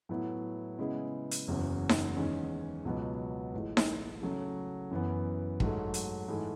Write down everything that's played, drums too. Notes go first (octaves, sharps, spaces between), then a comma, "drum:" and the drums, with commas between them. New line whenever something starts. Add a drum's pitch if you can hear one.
A2 F#3 B3 E4
C#3 G#3 B3 E4 G#4
drum: hi-hat
F#1 E2 C#3 F#3
drum: snare D#4
E2 D#3 G#3 C#4
C#2 B2 F#3 B3
A1 A2 G#3
drum: snare D#4
C#3 F#3 A3
F#2 E3 B3
G#2 F#3 A3, drum: kick
drum: hi-hat
G#2 E3 A3 E4 G#4